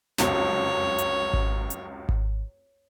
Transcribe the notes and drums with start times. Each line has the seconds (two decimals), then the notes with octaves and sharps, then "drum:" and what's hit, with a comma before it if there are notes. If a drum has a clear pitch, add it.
0.18 F1 C#2 F#2 C#5, drum: snare
0.98 drum: hi-hat
1.33 drum: kick G#1
1.70 drum: hi-hat
2.09 drum: kick G#1